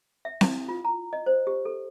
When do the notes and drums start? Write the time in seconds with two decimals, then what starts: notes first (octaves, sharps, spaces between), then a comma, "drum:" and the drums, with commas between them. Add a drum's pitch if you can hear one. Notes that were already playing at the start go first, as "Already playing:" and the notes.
0.25 E5
0.41 E4, drum: snare C4
0.68 F4
0.85 A#5
1.13 D#5
1.26 C5
1.47 G4
1.65 A4